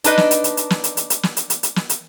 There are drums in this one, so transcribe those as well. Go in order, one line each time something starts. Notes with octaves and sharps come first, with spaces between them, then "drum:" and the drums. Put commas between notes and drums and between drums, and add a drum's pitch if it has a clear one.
D4 D#4 B4 D#5, drum: hi-hat
drum: snare
drum: hi-hat
drum: hi-hat
drum: hi-hat
drum: snare
drum: hi-hat
drum: hi-hat
drum: hi-hat
drum: snare
drum: hi-hat
drum: hi-hat
drum: hi-hat
drum: snare
drum: hi-hat